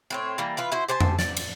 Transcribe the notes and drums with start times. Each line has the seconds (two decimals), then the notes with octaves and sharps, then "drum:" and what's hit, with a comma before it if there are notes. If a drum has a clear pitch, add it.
0.10 A2 C4 C#5
0.38 E3 G3 A#3
0.57 E3 F4 B4
0.72 E4 F#4 C5
0.88 G4 C5 G#5 A5
1.00 drum: tom F2
1.19 D5, drum: snare
1.37 drum: cymbal